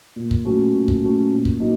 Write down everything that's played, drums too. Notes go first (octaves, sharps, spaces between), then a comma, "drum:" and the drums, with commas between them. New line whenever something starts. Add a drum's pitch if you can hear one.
A#2
drum: kick
F#3 A3 C#4
A#2
drum: kick
F#3 A3 C#4
A#2
drum: kick
F#3 A#3 D#4